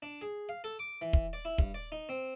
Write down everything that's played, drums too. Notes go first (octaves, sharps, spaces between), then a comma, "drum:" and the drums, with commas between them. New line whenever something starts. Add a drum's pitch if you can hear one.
D4
G#4
F5
A4
D6
E3
drum: kick
D5
E4
G2, drum: kick
D5
D#4
C4